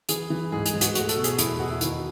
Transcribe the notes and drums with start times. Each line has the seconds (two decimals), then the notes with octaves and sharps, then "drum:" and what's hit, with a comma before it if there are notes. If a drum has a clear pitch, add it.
0.09 E3 G#4, drum: hi-hat
0.30 E3
0.52 G#2 G#4
0.66 G#4, drum: hi-hat
0.74 G#2
0.81 F#4, drum: hi-hat
0.95 A3 F#4, drum: hi-hat
1.09 A4, drum: hi-hat
1.16 B2
1.24 G#4, drum: hi-hat
1.38 E2 E4, drum: hi-hat
1.49 E4
1.59 B2 F#4
1.71 E4
1.81 D#3 E4, drum: hi-hat